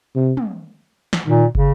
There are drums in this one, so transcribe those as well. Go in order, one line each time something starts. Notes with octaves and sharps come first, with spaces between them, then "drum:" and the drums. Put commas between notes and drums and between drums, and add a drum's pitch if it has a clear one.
C3
drum: tom
drum: snare
A#2 D#3
C#3, drum: kick